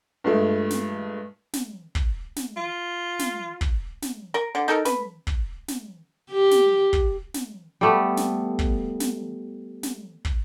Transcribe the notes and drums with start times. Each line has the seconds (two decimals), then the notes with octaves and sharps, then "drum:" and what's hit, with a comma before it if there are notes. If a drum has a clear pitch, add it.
0.24 G2 A#2 G#3 A3
0.70 drum: snare
1.53 drum: snare
1.95 drum: kick
2.36 drum: snare
2.57 F4
3.19 drum: snare
3.61 drum: kick
4.02 drum: snare
4.34 A#4
4.55 D3
4.68 D#4 A4 A#4
4.85 B4, drum: snare
5.27 drum: kick
5.68 drum: snare
6.31 G4
6.51 drum: snare
6.93 drum: kick
7.34 drum: snare
7.81 G3 A3 B3
8.17 drum: snare
8.59 drum: kick
9.00 drum: snare
9.83 drum: snare
10.25 drum: kick